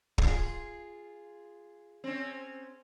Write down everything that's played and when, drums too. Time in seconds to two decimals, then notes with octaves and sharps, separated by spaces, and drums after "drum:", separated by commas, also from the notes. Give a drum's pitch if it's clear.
0.18 F4 G#4, drum: kick
2.04 C4 C#4